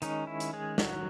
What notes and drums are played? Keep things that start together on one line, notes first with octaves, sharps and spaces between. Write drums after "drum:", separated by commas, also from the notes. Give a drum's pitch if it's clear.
D#3 G#3 C#4 D#4, drum: hi-hat
E4
drum: hi-hat
G#3 G#4
F#3 F#4, drum: snare